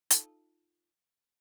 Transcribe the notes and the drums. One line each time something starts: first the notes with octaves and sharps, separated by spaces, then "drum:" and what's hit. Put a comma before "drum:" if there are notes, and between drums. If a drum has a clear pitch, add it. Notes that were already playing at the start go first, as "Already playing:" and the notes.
D#4 F4 A4, drum: hi-hat